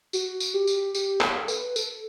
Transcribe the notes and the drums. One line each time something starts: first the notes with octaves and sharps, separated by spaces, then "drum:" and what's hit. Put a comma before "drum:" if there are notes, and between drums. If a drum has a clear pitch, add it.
F#4, drum: tambourine
drum: tambourine
G4
drum: tambourine
G4, drum: tambourine
A4, drum: clap
B4, drum: tambourine
A4, drum: tambourine